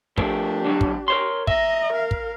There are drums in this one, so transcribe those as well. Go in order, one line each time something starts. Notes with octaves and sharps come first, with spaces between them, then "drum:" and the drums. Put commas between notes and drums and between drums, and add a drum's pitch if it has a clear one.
F3 A3 D4 G4 A#4, drum: kick
D3 F#3 G3
drum: kick
A#4 C#5 C6
D#5 E5 A#5, drum: kick
A#4 F5
drum: kick